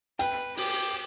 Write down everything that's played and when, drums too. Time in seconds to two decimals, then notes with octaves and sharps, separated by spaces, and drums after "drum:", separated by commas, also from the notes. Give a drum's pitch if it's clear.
0.19 B4 G5, drum: hi-hat
0.57 G4, drum: open hi-hat